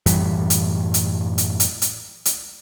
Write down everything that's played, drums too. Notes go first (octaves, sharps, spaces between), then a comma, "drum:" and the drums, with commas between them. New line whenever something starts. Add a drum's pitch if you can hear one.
F#2 A2 E3 G3, drum: hi-hat
drum: hi-hat
drum: hi-hat
drum: hi-hat
drum: hi-hat
drum: hi-hat
drum: hi-hat